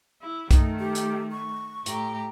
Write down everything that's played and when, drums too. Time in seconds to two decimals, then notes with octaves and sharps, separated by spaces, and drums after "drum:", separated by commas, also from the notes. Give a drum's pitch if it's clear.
0.20 E4
0.51 D#3 A3 D#4, drum: kick, hi-hat
0.79 G4
0.95 drum: hi-hat
1.32 C#6
1.86 A2 G4 A#5, drum: hi-hat